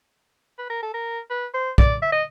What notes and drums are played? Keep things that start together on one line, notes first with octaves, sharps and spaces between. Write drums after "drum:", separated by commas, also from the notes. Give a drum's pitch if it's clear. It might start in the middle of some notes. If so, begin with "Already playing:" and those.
B4
A#4
A4
A#4
B4
C5
D5, drum: kick
E5
D#5